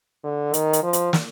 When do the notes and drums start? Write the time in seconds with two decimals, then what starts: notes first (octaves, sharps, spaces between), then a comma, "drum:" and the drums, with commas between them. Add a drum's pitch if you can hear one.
0.24 D3
0.54 D#3, drum: hi-hat
0.73 drum: hi-hat
0.83 F3
0.93 drum: hi-hat
1.13 drum: snare